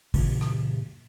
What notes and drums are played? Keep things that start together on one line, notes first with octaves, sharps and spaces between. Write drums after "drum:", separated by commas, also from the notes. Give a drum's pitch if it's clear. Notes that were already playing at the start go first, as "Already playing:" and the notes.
A#2 C#3 E3, drum: kick, open hi-hat
drum: rim click